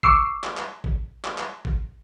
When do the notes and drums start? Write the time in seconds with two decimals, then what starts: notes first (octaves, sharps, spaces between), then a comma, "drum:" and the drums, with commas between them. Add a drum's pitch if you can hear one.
0.03 C#6 D6 E6 C7, drum: kick
0.44 drum: clap
0.57 drum: clap
0.84 drum: kick
1.24 drum: clap
1.38 drum: clap
1.65 drum: kick